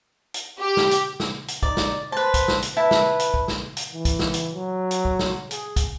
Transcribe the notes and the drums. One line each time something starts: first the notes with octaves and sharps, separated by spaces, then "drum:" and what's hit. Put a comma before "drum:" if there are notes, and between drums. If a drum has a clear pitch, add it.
drum: hi-hat
G4
drum: snare
drum: hi-hat
drum: snare
drum: hi-hat
D#4 D5, drum: kick
drum: snare
B4 C5 A5
drum: kick, hi-hat
drum: snare
drum: hi-hat
E4 B4 A5
drum: snare
drum: hi-hat
drum: kick
drum: snare
drum: hi-hat
E3
drum: kick, hi-hat
drum: snare
drum: hi-hat
F#3
drum: hi-hat
drum: kick
drum: snare
G#4, drum: hi-hat
drum: kick, hi-hat